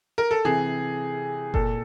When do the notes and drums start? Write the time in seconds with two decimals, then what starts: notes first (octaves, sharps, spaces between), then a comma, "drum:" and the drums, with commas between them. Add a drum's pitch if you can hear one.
0.18 A#4
0.31 A4
0.45 C3 E3 G#4
1.54 A#2 A4, drum: kick F#1